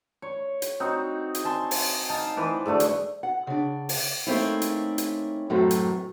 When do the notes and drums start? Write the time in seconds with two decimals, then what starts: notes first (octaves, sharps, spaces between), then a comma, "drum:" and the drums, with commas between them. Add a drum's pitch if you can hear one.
0.22 C#5
0.62 drum: hi-hat
0.80 C4 D#4 F#4
1.35 drum: hi-hat
1.44 G#5 A5 C6
1.71 drum: open hi-hat
2.09 D#4 F5 A5
2.37 E3 B4 C5 D6
2.66 G#2 D3 A3 F#4
2.80 drum: hi-hat
3.23 F#5
3.47 C#3 D4
3.89 drum: open hi-hat
4.27 A3 A#3 C4 C#4 D#4 E4
4.62 drum: hi-hat
4.98 drum: hi-hat
5.50 F#2 A2 E3 F#3 A3 C4
5.71 drum: hi-hat